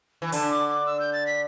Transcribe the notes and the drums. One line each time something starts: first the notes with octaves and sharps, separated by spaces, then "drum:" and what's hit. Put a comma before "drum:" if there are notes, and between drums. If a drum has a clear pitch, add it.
E3
D3 A5, drum: open hi-hat
D6
D6
E6
G6
A6
B6